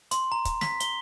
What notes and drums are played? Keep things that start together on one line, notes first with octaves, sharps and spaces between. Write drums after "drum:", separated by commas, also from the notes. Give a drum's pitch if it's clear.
C6, drum: hi-hat
A#5
drum: kick, hi-hat
B6, drum: snare
G7, drum: hi-hat